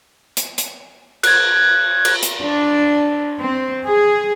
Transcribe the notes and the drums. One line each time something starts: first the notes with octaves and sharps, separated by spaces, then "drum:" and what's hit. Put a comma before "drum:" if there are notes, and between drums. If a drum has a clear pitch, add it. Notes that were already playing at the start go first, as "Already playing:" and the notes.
drum: hi-hat
drum: hi-hat
F#6 G#6, drum: cymbal
drum: cymbal
drum: hi-hat
D4
C4
G#4